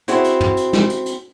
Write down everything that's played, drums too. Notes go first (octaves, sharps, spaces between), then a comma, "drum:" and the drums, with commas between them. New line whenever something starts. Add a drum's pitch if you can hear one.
C4 E4 F#4 G#4, drum: hi-hat
drum: hi-hat
drum: tom
drum: hi-hat
drum: snare
drum: hi-hat
drum: hi-hat